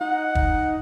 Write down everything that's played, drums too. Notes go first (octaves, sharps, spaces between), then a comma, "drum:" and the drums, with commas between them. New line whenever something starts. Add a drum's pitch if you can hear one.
D#4 F#5
drum: kick